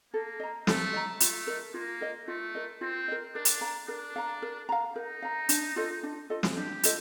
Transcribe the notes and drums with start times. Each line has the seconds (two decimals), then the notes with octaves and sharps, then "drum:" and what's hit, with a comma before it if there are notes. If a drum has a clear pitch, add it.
0.13 A#3 A4
0.40 D#5 A#5
0.67 A3 A4, drum: snare
0.93 D#5 A#5
1.20 A3 F4, drum: hi-hat
1.47 A#4 D#5
1.74 A#3 F4
2.01 A#4 D#5
2.27 A3 F4
2.55 A#4 D#5
2.81 C4 F4
3.08 A#4 D#5
3.35 D4 A#4
3.45 drum: hi-hat
3.61 F5 A#5
3.88 D4 A#4
4.16 F5 A#5
4.42 A#4
4.69 F5 A#5
4.96 D#4 A#4
5.22 F5 A#5
5.49 D4, drum: hi-hat
5.76 F4 A4 D#5
6.03 D4
6.30 F4 A4 D#5
6.43 drum: snare
6.57 D4 G4
6.83 F4 A4 D#5, drum: hi-hat